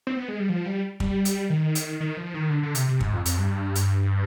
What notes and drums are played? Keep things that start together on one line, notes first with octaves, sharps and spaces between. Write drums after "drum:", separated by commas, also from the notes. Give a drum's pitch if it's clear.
C4
B3
G#3
G3
F3
G3
G3, drum: kick
drum: hi-hat
D#3
drum: hi-hat
D#3
F3
D#3
D3
D3
C3, drum: hi-hat
C3
G#2, drum: kick
F2
F2, drum: hi-hat
G2
drum: hi-hat